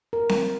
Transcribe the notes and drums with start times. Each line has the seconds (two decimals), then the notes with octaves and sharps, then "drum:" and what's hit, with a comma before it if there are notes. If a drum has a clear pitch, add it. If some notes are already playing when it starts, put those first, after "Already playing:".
0.13 A#4
0.29 drum: snare C4